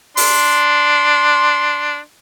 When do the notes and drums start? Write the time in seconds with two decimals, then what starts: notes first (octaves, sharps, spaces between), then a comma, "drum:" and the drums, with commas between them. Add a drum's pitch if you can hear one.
0.17 D4 C6, drum: open hi-hat